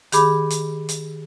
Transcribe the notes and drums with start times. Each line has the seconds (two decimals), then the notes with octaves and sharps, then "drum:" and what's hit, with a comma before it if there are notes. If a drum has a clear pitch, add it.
0.12 D#3 G4 G#4 B5 D6, drum: hi-hat
0.50 drum: hi-hat
0.89 drum: hi-hat